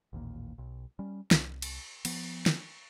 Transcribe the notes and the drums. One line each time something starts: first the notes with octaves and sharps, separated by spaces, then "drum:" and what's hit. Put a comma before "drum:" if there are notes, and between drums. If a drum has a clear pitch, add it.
A1 D#2 A#2
B1
G3 C#4
C2, drum: snare
drum: cymbal
F3 B3, drum: cymbal
drum: snare